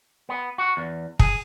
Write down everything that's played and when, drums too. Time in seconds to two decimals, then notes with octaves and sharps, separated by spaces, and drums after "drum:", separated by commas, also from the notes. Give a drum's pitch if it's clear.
0.29 B3
0.58 F#4
0.77 E2
1.19 G#4, drum: kick